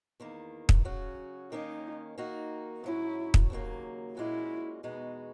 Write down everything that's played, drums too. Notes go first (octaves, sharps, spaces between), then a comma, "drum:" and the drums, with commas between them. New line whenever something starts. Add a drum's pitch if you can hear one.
E2 D#3 A#3
drum: kick
C#3 F#3 C#4 F#4
D#3 A#3 C#4 D#4
D#3 A#3 D#4 F#4
G#2 F#3 C#4 E4
drum: kick
D#2 C#3 F#3 A#3
A#2 G#3 C#4 E4 F#4
E2 B2 G#3 D#4 F#4